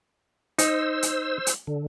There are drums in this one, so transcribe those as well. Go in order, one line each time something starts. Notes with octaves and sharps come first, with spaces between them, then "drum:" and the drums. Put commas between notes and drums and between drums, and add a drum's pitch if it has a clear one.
D#4 C5 E6, drum: hi-hat
drum: hi-hat
drum: hi-hat
D3